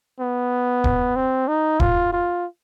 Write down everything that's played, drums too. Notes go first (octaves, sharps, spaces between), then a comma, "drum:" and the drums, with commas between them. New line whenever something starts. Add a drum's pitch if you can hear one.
B3
drum: kick
C4
D#4
F4, drum: kick
F4